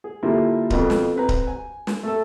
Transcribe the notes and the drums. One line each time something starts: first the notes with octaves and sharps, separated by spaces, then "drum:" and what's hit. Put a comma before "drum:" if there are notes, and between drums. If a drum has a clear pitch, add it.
G#4
D3 G3 A#3 E4 F4 A4
F2 B2 F4 A#4, drum: kick D1
drum: snare
C4 B4 A#5
drum: kick D1
G#5
drum: snare
A3 A4